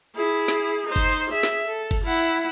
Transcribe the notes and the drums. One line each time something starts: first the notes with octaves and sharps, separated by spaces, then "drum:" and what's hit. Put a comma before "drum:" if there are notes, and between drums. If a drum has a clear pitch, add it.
E4 G#4
drum: snare
D#4 C5
drum: kick G1, cymbal
G#4 E5
drum: snare
A4
drum: kick G1, cymbal
E4 F#5